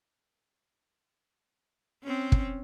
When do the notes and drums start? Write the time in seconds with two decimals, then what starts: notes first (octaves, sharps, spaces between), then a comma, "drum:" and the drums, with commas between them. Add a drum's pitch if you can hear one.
2.03 C4 C#4
2.32 drum: kick